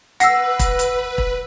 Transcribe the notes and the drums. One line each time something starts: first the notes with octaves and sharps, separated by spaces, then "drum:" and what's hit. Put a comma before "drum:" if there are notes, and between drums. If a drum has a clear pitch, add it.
B4 F#5 E6 A#6 C7, drum: hi-hat
drum: kick, hi-hat
drum: hi-hat
drum: kick